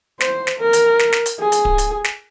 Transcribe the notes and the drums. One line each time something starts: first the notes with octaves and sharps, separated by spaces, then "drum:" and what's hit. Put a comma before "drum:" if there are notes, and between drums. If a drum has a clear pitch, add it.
C5, drum: snare
drum: snare
A#4
drum: hi-hat
drum: snare
drum: snare
drum: hi-hat
G#4
drum: hi-hat
drum: kick D1
drum: hi-hat
drum: snare